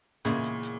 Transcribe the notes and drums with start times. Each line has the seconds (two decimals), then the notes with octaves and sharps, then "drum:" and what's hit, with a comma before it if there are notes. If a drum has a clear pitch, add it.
0.25 E2 A#2 C#3 G#3, drum: hi-hat
0.44 drum: hi-hat
0.63 drum: hi-hat